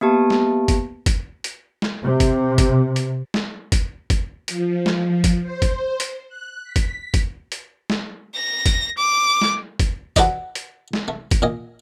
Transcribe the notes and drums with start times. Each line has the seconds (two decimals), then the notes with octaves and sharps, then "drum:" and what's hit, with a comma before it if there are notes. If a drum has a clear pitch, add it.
0.01 A#3 B3 G4 A5
0.30 drum: snare
0.68 drum: kick, hi-hat
1.06 drum: kick, hi-hat
1.44 drum: hi-hat
1.82 drum: snare
2.04 C3
2.20 drum: kick, hi-hat
2.58 drum: kick, hi-hat
2.96 drum: hi-hat
3.34 drum: snare
3.72 drum: kick, hi-hat
4.10 drum: kick, hi-hat
4.48 F3, drum: hi-hat
4.86 drum: snare
5.24 drum: kick, hi-hat
5.43 C5
5.62 drum: kick, hi-hat
6.00 drum: hi-hat
6.29 F#6
6.64 B6
6.76 drum: kick, hi-hat
7.14 drum: kick, hi-hat
7.52 drum: hi-hat
7.90 drum: snare
8.36 A#6
8.66 drum: kick, hi-hat
8.98 D6
9.42 drum: snare
9.79 drum: kick, hi-hat
10.16 F#4 A4 B4 C5 D5 D#5, drum: kick, hi-hat
10.55 drum: hi-hat
10.93 drum: snare
11.08 A3
11.31 drum: kick, hi-hat
11.42 A#2 D#5 G#5